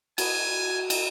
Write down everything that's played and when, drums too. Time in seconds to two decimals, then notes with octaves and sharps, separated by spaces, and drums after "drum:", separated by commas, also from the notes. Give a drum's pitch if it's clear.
0.18 F#4 B4 D#5 G#5, drum: cymbal
0.90 drum: cymbal